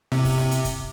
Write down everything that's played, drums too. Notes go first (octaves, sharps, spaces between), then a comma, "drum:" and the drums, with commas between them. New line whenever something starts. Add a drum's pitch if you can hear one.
C3, drum: snare E4
drum: kick, open hi-hat
drum: snare E4
drum: hi-hat
drum: kick, hi-hat